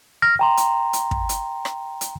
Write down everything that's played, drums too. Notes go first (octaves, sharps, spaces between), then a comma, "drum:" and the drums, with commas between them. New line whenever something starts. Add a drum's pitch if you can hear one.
F6 A#6
G5 A#5 C6
drum: hi-hat
drum: hi-hat
drum: kick
drum: hi-hat
drum: rim click
drum: hi-hat